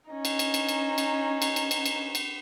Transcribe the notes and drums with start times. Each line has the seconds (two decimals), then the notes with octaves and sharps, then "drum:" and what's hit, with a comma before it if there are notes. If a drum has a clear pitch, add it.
0.10 C#4 D#4
0.25 drum: cymbal
0.39 drum: cymbal
0.54 drum: cymbal
0.69 drum: cymbal
0.98 drum: cymbal
1.42 drum: cymbal
1.56 drum: cymbal
1.71 drum: cymbal
1.85 drum: cymbal
2.15 drum: cymbal